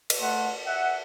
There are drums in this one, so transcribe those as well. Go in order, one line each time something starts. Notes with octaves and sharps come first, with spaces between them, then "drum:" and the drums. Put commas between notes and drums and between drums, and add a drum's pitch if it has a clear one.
drum: cymbal
A3 F#5 C6
E5 F#5